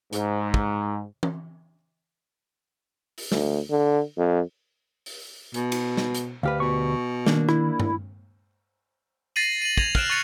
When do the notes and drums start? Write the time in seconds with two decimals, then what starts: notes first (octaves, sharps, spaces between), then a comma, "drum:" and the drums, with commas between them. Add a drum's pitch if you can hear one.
0.13 G#2, drum: hi-hat
0.54 drum: kick
1.23 drum: tom E3
3.18 drum: open hi-hat
3.32 D2, drum: snare
3.70 D3
4.17 F2
5.06 drum: open hi-hat
5.54 B2, drum: hi-hat
5.72 drum: cymbal
5.97 drum: snare
6.15 drum: hi-hat
6.43 D2 G4 B4 F5 F6
6.60 B2 C#6
7.26 D#3 A#3 D4, drum: snare
7.49 E4, drum: rim click
7.80 drum: tom G2
9.36 A6 A#6 C7 D#7 F#7
9.62 D#7 F#7
9.77 G#6 A#6 D#7 F7, drum: kick
9.95 F6 F#6 D7 E7, drum: kick
10.10 C#6 F#6 A6 C#7 F7 F#7